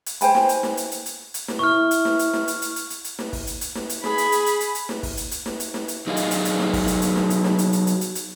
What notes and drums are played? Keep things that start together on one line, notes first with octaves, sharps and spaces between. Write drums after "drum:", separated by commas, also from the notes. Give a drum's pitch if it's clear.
drum: hi-hat
C5 G5 G#5 B5, drum: hi-hat
drum: snare
drum: hi-hat
drum: snare
drum: hi-hat
drum: hi-hat
drum: hi-hat
drum: hi-hat
drum: snare
E4 C#6 F6
drum: hi-hat
drum: snare
drum: hi-hat
drum: snare
drum: hi-hat
drum: hi-hat
drum: hi-hat
drum: hi-hat
drum: hi-hat
drum: snare
drum: kick, open hi-hat
drum: hi-hat
drum: hi-hat
drum: snare
drum: hi-hat
G#4 B5, drum: snare
drum: hi-hat
drum: hi-hat
drum: hi-hat
drum: hi-hat
drum: hi-hat
drum: snare
drum: kick, open hi-hat
drum: hi-hat
drum: hi-hat
drum: snare
drum: hi-hat
drum: snare
drum: hi-hat
F#3 D#4 G4 G#4 D#5 F5
drum: hi-hat
drum: hi-hat
drum: hi-hat
drum: snare
drum: kick, open hi-hat
drum: hi-hat
drum: hi-hat
drum: snare
drum: hi-hat
drum: snare
drum: hi-hat
drum: hi-hat
drum: hi-hat
drum: hi-hat
drum: hi-hat